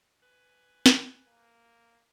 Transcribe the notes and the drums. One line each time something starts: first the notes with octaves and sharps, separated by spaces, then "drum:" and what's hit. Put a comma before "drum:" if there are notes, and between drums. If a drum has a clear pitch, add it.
B4 G#5
drum: snare
A#3